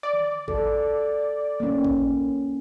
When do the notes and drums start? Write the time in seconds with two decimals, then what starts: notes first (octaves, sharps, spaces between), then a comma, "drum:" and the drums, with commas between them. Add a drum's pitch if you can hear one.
0.03 D5
0.13 drum: tom D3
0.48 A4, drum: kick G#1
1.60 A#3 C#4
1.85 drum: kick G#1